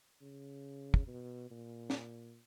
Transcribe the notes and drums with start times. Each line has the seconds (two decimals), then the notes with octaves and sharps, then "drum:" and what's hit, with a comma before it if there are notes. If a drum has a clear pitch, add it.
0.21 C#3
0.94 drum: kick
1.07 B2
1.51 A#2
1.90 drum: snare